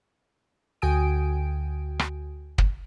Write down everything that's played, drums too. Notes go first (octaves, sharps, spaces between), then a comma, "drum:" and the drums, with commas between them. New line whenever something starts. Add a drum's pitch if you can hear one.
D2 F#4 G5 G#5 D#6 D7
drum: rim click
drum: kick